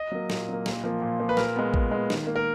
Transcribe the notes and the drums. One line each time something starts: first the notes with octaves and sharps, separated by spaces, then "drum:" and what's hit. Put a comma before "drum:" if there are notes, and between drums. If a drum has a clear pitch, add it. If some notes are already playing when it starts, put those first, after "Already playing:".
Already playing: D#5
F#3 A#3
A#2, drum: snare
F#3 A#3
A#2, drum: snare
F3 A#3
A#2
F3 A#3
B4
A#2 A#4, drum: snare
G#3 B3
A#2, drum: kick
G#3 B3
D#3, drum: snare
A#3
A#4